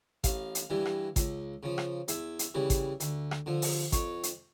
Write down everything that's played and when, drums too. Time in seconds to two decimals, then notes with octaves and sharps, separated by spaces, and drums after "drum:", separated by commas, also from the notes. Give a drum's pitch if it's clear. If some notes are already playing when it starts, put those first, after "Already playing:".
0.24 A1 F5, drum: kick G#1, hi-hat
0.55 drum: hi-hat
0.70 G2 E3 G3
0.86 drum: rim click
1.16 C#2, drum: kick G#1, hi-hat
1.63 C#3 F3
1.78 drum: rim click
2.08 E2 E5, drum: hi-hat
2.39 drum: hi-hat
2.54 C#3 E3 G3
2.70 drum: kick G#1, hi-hat
3.00 D2, drum: hi-hat
3.31 drum: rim click
3.46 D3 F3
3.62 drum: open hi-hat
3.92 F2 C#5, drum: kick G#1, hi-hat
4.23 drum: hi-hat